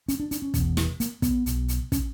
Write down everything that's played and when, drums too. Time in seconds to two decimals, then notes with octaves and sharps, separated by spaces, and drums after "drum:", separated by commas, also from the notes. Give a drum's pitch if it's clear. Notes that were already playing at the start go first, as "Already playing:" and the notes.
0.08 C#4, drum: hi-hat
0.20 D4
0.31 D4, drum: hi-hat
0.42 C#4
0.54 E1 E2 B2, drum: kick, hi-hat
0.77 drum: snare
1.00 A#3, drum: hi-hat
1.22 B3, drum: kick, hi-hat
1.46 B1 B2, drum: hi-hat
1.68 drum: hi-hat
1.92 C#4, drum: kick, hi-hat